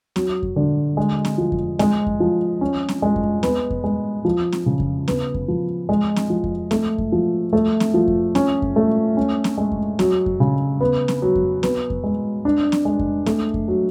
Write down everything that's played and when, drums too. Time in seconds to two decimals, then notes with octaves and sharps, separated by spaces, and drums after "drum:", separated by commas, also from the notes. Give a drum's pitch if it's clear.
0.16 F#3, drum: snare C4
0.43 drum: kick F2
0.56 D3
0.97 G#3
1.25 drum: snare C4
1.38 F3
1.52 drum: kick F2
1.79 G#3, drum: snare C4
2.07 drum: kick F2
2.20 F3
2.61 C#4
2.89 drum: snare C4
3.02 G#3
3.16 drum: kick F2
3.43 B3, drum: snare C4
3.70 drum: kick F2
3.84 G#3
4.25 F3
4.52 drum: snare C4
4.66 C#3
4.80 drum: kick F2
5.08 B3, drum: snare C4
5.34 drum: kick F2
5.48 F3
5.89 G#3
6.16 drum: snare C4
6.30 F3
6.44 drum: kick F2
6.71 A3, drum: snare C4
6.98 drum: kick F2
7.12 F3
7.53 A3
7.80 drum: snare C4
7.94 F3
8.08 drum: kick F2
8.35 C#4, drum: snare C4
8.62 drum: kick F2
8.76 A3
9.17 C#4
9.44 drum: snare C4
9.58 G#3
9.72 drum: kick F2
9.99 F#3, drum: snare C4
10.26 drum: kick F2
10.40 C#3
10.81 B3
11.08 drum: snare C4
11.22 F#3
11.35 drum: kick F2
11.63 B3, drum: snare C4
11.90 drum: kick F2
12.04 G#3
12.45 D4
12.72 drum: snare C4
12.85 G#3
12.99 drum: kick F2
13.26 A3, drum: snare C4
13.54 drum: kick F2
13.68 F#3